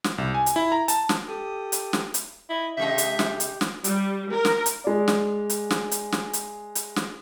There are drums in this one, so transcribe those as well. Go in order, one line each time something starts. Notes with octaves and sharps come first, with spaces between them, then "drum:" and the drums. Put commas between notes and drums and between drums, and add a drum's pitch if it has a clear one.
drum: snare
C2
G#5
drum: hi-hat
E4
A#5
A5, drum: hi-hat
drum: snare
G4 A4 D#6
drum: hi-hat
drum: snare
drum: hi-hat
E4 D#5
C3 G#3 G4 D#5 E5 G6
drum: hi-hat
drum: snare
drum: hi-hat
drum: snare
G3, drum: hi-hat
A#4
drum: snare
drum: hi-hat
G#3 D5
drum: snare
drum: hi-hat
drum: snare
drum: hi-hat
drum: snare
drum: hi-hat
drum: hi-hat
drum: snare